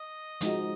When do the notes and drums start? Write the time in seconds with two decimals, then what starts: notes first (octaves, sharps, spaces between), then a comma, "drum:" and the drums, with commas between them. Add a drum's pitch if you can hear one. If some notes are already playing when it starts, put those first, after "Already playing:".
Already playing: D#5
0.41 F3 G#3 D#4 F#4, drum: hi-hat